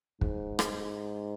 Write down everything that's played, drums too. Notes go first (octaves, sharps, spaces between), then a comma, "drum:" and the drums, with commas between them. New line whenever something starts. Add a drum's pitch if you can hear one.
G#2, drum: kick
drum: rim click